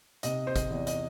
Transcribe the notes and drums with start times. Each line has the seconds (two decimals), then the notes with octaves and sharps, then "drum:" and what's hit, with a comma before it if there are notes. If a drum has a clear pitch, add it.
0.23 C3 D#5, drum: hi-hat
0.47 C5
0.56 D#5, drum: kick, hi-hat
0.70 E2
0.87 D#5, drum: hi-hat